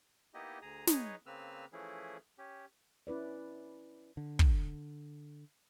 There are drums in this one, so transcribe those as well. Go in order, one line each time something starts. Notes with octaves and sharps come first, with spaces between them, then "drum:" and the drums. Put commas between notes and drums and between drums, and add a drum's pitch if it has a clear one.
A#3 B3 D#4 E4 G4 D#5
D2 G#4 A#5 D#6
D#4 G#4 B4 C#5 D#5, drum: snare
C#3 A#3 C4 B4 E6 F6
E3 F3 A3 C#4 E4 G#4
C#4 G4
C#4 E4 B4 D5
D3
drum: kick